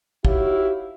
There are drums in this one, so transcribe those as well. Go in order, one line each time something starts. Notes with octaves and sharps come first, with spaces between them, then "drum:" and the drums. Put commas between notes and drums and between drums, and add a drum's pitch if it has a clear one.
D#4 E4 F#4 G4 C#5 F5, drum: kick